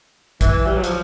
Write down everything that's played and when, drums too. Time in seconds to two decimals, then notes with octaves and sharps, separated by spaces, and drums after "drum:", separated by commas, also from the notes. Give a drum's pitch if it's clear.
0.41 E3, drum: kick, hi-hat
0.66 G3
0.75 F#3
0.84 F3, drum: hi-hat